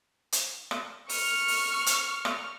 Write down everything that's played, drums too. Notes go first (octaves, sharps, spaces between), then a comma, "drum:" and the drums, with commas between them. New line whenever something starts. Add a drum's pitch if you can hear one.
drum: hi-hat
drum: rim click
C#6 F6, drum: open hi-hat
drum: open hi-hat
drum: hi-hat
drum: rim click